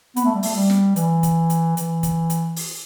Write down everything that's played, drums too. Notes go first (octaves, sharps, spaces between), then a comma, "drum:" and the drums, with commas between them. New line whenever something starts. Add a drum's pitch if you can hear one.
B3, drum: hi-hat
A3
G3
A3, drum: open hi-hat
G3
drum: snare
E3, drum: hi-hat
drum: kick, hi-hat
drum: hi-hat
E3, drum: hi-hat
drum: kick, hi-hat
drum: hi-hat
drum: open hi-hat